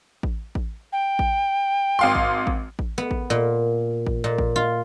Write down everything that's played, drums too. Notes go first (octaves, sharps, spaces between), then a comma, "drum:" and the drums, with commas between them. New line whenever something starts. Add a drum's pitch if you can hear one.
drum: kick A1
drum: kick A1
G5
drum: kick A1
G#1 F5 C6
drum: kick A1
drum: kick A1
drum: kick A1
B3
drum: kick A1
A#2
drum: kick A1
A#2
drum: kick A1
F4